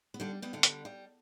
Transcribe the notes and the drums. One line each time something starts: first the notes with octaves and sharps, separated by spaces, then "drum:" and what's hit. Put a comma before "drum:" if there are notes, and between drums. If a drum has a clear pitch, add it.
B3
D3 G3 D4
G3 B3
D3 D4
G3, drum: hi-hat
G3